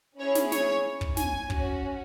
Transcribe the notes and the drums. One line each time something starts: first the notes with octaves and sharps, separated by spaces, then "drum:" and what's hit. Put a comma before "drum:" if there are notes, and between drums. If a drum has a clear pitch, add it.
C#4 E4 G#4 C#5
drum: snare
C#5, drum: snare
drum: kick
G#5, drum: snare
C#4 F#4, drum: kick